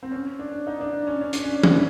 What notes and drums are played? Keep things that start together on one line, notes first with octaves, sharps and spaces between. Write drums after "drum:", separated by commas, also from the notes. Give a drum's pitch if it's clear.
C4
C#4
D4
D#4
D4
C#4
C#4
D4, drum: hi-hat
C#4
drum: tom